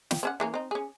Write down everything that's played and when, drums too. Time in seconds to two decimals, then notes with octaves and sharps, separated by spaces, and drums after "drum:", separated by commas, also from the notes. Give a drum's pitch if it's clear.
0.11 G5, drum: snare
0.23 C4 C#4 F#5
0.40 E3 A#3 C#4
0.54 C4 D#4
0.71 C#4 G#4